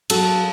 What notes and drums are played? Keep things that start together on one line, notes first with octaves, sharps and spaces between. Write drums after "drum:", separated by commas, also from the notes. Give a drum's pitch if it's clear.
F#3 C#4 F#4 A4, drum: cymbal